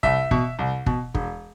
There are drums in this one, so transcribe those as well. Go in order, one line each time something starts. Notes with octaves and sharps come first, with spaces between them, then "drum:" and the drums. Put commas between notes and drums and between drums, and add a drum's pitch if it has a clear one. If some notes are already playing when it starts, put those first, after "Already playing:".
C2 E5, drum: kick
B2, drum: kick
C2
B2, drum: kick
E1, drum: kick